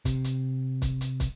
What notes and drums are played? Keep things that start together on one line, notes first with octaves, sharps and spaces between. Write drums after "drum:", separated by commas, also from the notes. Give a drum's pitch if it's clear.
C3, drum: kick, hi-hat
drum: hi-hat
drum: kick, hi-hat
drum: hi-hat
drum: kick, hi-hat